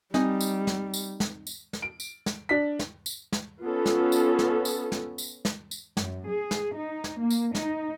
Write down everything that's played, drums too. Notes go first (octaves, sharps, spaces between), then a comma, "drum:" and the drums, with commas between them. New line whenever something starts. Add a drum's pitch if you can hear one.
G3 C4 D#4, drum: snare
drum: tambourine
drum: snare
drum: tambourine
drum: snare
drum: tambourine
drum: snare
D7
drum: tambourine
drum: snare
D4 B6
drum: snare
drum: tambourine
drum: snare
B3 C#4 F4 A4
drum: snare
drum: tambourine
drum: snare
drum: tambourine
drum: snare
drum: tambourine
drum: snare
drum: tambourine
F#2, drum: snare
G#4
drum: snare
D#4
drum: snare
A#3
drum: tambourine
D#4, drum: snare